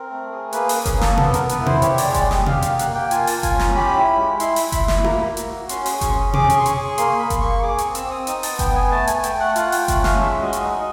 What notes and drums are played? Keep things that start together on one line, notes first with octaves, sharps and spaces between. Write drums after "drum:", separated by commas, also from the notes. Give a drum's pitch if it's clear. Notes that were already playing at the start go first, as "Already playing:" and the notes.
Already playing: C4 A#4
A3
G#4
A#3 B4, drum: hi-hat
C#4 A#4, drum: open hi-hat
G#4, drum: kick F#1, hi-hat
A#3
A4, drum: snare
B3 A4, drum: tom B2
A#4, drum: hi-hat
B3
B4, drum: hi-hat
E4
C5, drum: tom B2
G4 C#5, drum: hi-hat
D5, drum: open hi-hat
G#3
C#5
D5, drum: kick F#1, hi-hat
G4
D#5, drum: snare
G4 F5, drum: tom B2
F5, drum: hi-hat
A#3
F#5, drum: hi-hat
A#3
G5
F4 G#5, drum: hi-hat
A5, drum: open hi-hat
F4
G#5, drum: kick F#1, hi-hat
C#4
A#5, drum: snare
G4 B5
E4
G#3
E4 C6, drum: hi-hat
B5, drum: open hi-hat
E4
B5, drum: kick F#1, hi-hat
E4
B5, drum: snare
A#3 A#5, drum: tom E4
A#3
drum: hi-hat
F#4
C#4 C6, drum: hi-hat
G#4 C6, drum: open hi-hat
C#6, drum: kick F#1, hi-hat
C#4
G#4 D6, drum: tom B2
C#6, drum: hi-hat
G#4 C6
C#6, drum: hi-hat
G#4 C#6
A#3 C6, drum: hi-hat
A#3 B5
drum: kick F#1, hi-hat
A#3 C#6
G#4 D6
C#6, drum: hi-hat
C4
E6, drum: hi-hat
C4
D#6
D#4 D#6, drum: hi-hat
A5, drum: open hi-hat
B3
G5, drum: kick F#1, hi-hat
B3 G#5
A3 A5
G#5, drum: hi-hat
A3
G5, drum: hi-hat
A3
F#5
F4 F#5, drum: hi-hat
G5, drum: open hi-hat
A3
F#5, drum: kick F#1, hi-hat
C#4
F5, drum: snare
G#3 E5
F#4 D#5
drum: hi-hat
D#4 D#5